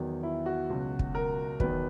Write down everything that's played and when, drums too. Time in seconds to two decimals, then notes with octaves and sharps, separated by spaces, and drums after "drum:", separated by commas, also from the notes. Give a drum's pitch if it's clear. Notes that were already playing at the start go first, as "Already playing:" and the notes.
Already playing: E2 D#3 F#3
0.23 E4
0.46 F#4
0.69 C#2 B2 F#3
0.99 drum: kick
1.15 A#4
1.60 E2 D#3 F#3 B4, drum: kick